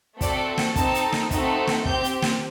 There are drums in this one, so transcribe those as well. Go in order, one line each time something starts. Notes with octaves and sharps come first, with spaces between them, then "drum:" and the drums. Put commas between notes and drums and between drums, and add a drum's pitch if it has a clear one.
A3 C4 F#4 A4 D5, drum: kick, hi-hat
drum: snare
C4 D#4 A4 A5, drum: kick, hi-hat
drum: hi-hat
drum: snare
A3 C4 D#4 F#4 A4, drum: kick, hi-hat
drum: snare
C4 G4 G6, drum: kick
drum: hi-hat
drum: snare